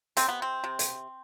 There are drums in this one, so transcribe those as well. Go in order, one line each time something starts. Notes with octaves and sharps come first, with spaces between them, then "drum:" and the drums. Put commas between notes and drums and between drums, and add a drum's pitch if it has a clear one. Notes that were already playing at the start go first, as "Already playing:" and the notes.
C3 C4, drum: hi-hat
B3
C4
C3
drum: hi-hat